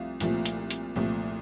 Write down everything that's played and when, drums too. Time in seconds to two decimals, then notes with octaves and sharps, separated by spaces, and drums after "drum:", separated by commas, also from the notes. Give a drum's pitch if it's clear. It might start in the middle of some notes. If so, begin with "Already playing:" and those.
Already playing: C2 F3 A3 F5
0.20 C2 A#2 F3 A3, drum: hi-hat
0.46 drum: hi-hat
0.70 drum: hi-hat
0.96 C2 A#2 F3 A3